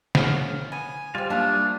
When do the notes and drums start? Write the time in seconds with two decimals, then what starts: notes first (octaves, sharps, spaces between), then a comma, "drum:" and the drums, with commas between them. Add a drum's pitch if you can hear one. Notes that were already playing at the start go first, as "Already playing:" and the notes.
0.15 B3 C#4 F4 F#5, drum: snare
0.72 B3 G#5
1.15 G3 G#3 C4 F4
1.30 A3 A#3 D4 D#4 A5